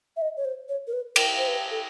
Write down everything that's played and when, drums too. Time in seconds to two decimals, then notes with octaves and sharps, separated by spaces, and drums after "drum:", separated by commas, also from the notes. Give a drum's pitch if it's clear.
0.16 E5
0.22 D#5
0.37 C#5
0.45 C5
0.69 C#5
0.87 A#4
0.93 B4
1.16 A#4, drum: cymbal
1.38 C5
1.48 B4
1.71 A4